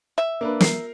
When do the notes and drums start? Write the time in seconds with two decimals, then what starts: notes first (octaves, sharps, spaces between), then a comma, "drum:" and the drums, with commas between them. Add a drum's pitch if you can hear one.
0.18 E5
0.41 A#3 D4 B4
0.60 A#4 C7, drum: snare